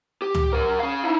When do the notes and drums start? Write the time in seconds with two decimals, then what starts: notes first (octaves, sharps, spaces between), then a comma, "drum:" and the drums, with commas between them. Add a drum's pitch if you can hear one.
0.22 G4
0.34 drum: tom C#2
0.53 F#3 A#4
0.79 C#4 F5
1.04 D#4 E4